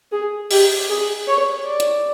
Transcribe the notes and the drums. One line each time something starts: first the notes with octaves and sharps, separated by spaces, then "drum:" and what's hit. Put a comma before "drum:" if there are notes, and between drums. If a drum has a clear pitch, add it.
G#4
G4, drum: open hi-hat
G#4
C#5
D5
drum: hi-hat